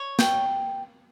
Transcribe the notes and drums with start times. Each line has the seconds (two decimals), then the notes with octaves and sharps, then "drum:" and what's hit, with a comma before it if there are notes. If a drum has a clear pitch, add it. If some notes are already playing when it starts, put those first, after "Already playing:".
Already playing: C#5
0.19 G5, drum: snare